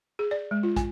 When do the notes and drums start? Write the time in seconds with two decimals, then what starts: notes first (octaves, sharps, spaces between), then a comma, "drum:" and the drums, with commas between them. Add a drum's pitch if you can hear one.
0.19 G#4
0.31 D5
0.51 G#3
0.63 F4
0.76 G#5, drum: kick, hi-hat